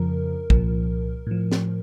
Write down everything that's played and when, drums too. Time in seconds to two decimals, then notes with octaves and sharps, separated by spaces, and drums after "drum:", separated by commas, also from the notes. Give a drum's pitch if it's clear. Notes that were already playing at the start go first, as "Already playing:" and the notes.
Already playing: F2 C#3 F3 A#4
0.50 C2 A#2 F3, drum: kick
1.27 A2 F3
1.52 drum: snare